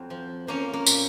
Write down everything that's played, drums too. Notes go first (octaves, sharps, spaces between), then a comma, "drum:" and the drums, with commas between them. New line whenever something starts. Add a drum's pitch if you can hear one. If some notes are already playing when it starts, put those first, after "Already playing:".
Already playing: F2 F#3 C4
F3
F3 A#3 C#4
A#3
A#2, drum: tambourine